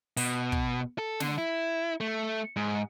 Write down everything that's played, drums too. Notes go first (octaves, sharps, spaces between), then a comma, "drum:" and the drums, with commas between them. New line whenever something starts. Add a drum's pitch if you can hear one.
B2, drum: open hi-hat
drum: kick
A4
D3, drum: snare
E4
A3
G#2